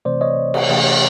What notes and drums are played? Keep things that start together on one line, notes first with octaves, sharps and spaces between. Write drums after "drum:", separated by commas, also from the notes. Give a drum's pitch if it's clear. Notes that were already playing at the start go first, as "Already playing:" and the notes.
C3 E3 A3 C4 C5 D5
C#5 D#5
drum: cymbal
C3 E3 A3 C#4, drum: cymbal